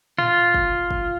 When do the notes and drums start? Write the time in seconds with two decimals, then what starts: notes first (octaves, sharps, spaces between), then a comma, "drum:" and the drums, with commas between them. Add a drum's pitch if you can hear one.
0.19 F4, drum: tom A2
0.54 drum: kick
0.90 drum: kick